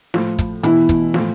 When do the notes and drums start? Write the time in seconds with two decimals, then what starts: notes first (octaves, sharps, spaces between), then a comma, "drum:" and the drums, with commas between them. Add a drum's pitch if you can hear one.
0.14 A2 F3, drum: snare
0.39 drum: kick, hi-hat
0.63 B2 E3 E4, drum: hi-hat
0.89 drum: kick, hi-hat
1.14 A2 F3, drum: snare